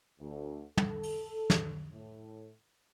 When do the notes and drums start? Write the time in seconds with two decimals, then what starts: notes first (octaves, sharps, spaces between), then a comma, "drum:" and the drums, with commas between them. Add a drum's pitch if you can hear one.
0.20 D2
0.77 A4, drum: tom
1.03 drum: open hi-hat
1.50 drum: snare
1.92 A2